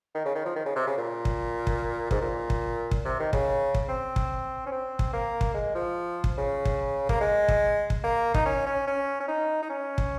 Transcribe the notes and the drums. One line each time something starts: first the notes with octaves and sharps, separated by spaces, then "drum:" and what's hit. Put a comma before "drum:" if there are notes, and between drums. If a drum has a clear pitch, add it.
D#3
C#3
D#3
F3
D#3
C#3
C3
C#3
A#2
drum: kick
drum: kick
G#2, drum: kick
A#2
drum: kick
drum: kick
C3
D#3
C#3, drum: kick
drum: kick
C4
drum: kick
C#4
C4
drum: kick
A#3
drum: kick
G#3
F3
drum: kick
C#3
drum: kick
A#3, drum: kick
G#3
drum: kick
drum: kick
A#3
D#4, drum: kick
C#4
C#4
C#4
C#4
D#4
D#4
C#4
drum: kick